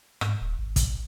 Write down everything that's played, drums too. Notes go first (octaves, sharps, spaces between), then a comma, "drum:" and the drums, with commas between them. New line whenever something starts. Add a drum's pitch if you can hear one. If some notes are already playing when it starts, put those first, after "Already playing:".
G#2, drum: rim click
D#1
G#1
drum: kick, hi-hat